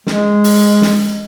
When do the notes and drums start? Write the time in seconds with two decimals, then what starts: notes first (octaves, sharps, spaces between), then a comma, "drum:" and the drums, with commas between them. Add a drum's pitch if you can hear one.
0.07 G#3, drum: snare
0.44 drum: open hi-hat
0.82 drum: snare